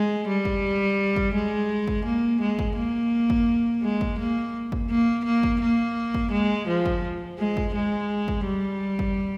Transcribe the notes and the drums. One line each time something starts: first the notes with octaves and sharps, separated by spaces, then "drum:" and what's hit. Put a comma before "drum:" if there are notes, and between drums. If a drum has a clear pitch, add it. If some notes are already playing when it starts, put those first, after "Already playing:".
Already playing: G#3
G3
drum: kick
drum: kick
G#3
drum: kick
A#3
G#3
drum: kick
A#3
drum: kick
G#3
drum: kick
A#3
drum: kick
A#3
A#3
drum: kick
A#3
drum: kick
G#3
F3
drum: kick
G#3
drum: kick
G#3
drum: kick
G3
drum: kick